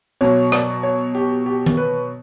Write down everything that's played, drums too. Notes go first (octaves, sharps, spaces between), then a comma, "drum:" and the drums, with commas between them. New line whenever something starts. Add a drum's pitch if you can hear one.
B2 F#3 C#5
D5, drum: rim click
C#5
G4
G4
drum: tom D#3
B4